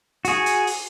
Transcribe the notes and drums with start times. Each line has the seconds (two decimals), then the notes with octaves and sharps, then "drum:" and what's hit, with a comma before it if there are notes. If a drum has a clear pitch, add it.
0.25 F#4 G#4, drum: hi-hat
0.46 drum: hi-hat
0.67 drum: open hi-hat